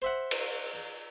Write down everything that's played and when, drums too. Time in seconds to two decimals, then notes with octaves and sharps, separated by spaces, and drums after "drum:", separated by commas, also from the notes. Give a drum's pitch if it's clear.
0.02 C5 E5 F#5
0.31 drum: cymbal